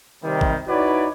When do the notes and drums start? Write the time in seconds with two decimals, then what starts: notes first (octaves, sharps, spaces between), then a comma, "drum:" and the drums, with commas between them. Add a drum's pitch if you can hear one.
0.23 C3 D#3 G3
0.41 drum: kick
0.68 D#4 E4 F#4 B4 C#5 D5